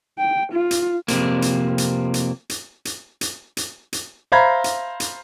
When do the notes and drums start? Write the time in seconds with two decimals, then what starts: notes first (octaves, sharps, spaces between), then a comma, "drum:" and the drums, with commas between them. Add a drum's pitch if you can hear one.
0.18 G5
0.53 F4
0.71 drum: hi-hat
1.08 F2 A2 C3 A#3, drum: hi-hat
1.42 drum: hi-hat
1.78 drum: hi-hat
2.14 drum: hi-hat
2.50 drum: hi-hat
2.85 drum: hi-hat
3.21 drum: hi-hat
3.57 drum: hi-hat
3.93 drum: hi-hat
4.32 C5 E5 F5 A#5 B5 G#6
4.64 drum: hi-hat
5.00 drum: hi-hat